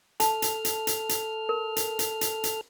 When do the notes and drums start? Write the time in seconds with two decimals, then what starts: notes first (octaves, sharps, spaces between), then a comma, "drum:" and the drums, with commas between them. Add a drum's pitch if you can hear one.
0.20 A4 A5 F6, drum: hi-hat
0.42 drum: hi-hat
0.65 drum: hi-hat
0.87 drum: hi-hat
1.09 drum: hi-hat
1.49 A#4
1.76 drum: hi-hat
1.99 drum: hi-hat
2.21 drum: hi-hat
2.44 drum: hi-hat